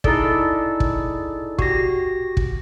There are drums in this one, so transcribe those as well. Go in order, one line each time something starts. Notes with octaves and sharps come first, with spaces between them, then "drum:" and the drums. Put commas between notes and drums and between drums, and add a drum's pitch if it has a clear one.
D#4 E4 G#4 A4 D5, drum: kick
drum: kick
F#4 G4 A#6, drum: kick
drum: kick